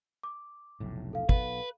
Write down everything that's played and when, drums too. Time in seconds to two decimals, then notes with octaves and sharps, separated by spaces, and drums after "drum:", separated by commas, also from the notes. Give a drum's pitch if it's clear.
0.23 D6
0.80 F1 B1 A2
1.13 A4 F5
1.29 B1 B3 B4, drum: kick